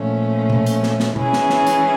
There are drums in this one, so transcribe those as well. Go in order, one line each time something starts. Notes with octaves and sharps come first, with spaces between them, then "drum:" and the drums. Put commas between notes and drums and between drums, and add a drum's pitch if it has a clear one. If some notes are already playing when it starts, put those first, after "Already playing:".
Already playing: A#2 F3 A3 C#4
drum: tom B2
drum: hi-hat
drum: snare
drum: snare
E3 G#3 C#4 E4 G#4, drum: tom B2
drum: snare
drum: snare
drum: hi-hat